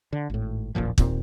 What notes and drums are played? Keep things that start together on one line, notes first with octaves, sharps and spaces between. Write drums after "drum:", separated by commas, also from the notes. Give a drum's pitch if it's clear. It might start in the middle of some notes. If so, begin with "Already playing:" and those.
D3
G#1 A2
D#1 A1 A#2 F3
D#2 A#2 C4, drum: kick